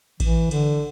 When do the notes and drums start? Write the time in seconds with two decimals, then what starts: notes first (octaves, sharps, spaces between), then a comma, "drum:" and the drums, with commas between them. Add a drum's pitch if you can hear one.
0.20 E3, drum: kick A1, cymbal
0.51 D3, drum: cymbal